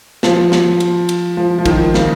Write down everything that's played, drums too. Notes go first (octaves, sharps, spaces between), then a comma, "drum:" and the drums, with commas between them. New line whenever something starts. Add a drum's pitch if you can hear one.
F3, drum: snare
drum: snare
drum: cymbal
drum: cymbal
F3
F3
D#3, drum: kick, cymbal
C#3, drum: snare